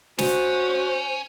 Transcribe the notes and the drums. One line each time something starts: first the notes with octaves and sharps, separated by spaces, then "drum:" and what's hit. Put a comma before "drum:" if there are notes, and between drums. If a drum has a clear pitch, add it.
C#4 F#4 C5, drum: snare